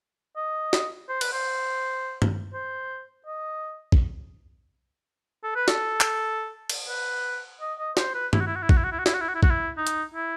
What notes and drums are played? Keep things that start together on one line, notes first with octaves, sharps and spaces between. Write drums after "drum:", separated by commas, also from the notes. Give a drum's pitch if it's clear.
D#5
drum: snare
C5
B4, drum: cymbal
C5
drum: tom G2
C5
D#5
drum: kick
A4
B4
A4, drum: snare
drum: clap
drum: cymbal
B4
D#5
D#5
C5, drum: snare
B4
E4, drum: tom G2
F#4
E4
F#4
E4
F#4, drum: kick
E4
F#4
E4
F#4
E4, drum: snare
F#4
E4
F#4
E4
F#4, drum: kick
E4
D#4
drum: hi-hat
E4